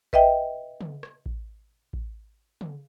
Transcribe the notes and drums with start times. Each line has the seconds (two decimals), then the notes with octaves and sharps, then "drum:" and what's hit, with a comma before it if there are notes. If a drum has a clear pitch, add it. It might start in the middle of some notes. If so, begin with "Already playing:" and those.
0.13 B4 D#5 E5 G5, drum: kick A1
0.81 drum: tom
1.03 drum: rim click
1.26 drum: kick A1
1.93 drum: kick A1
2.61 drum: tom